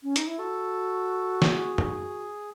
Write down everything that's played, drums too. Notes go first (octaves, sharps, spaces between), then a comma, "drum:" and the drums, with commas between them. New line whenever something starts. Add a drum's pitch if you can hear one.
C#4
D#4, drum: hi-hat
E4
F#4 A4
G#4, drum: snare
drum: tom F#2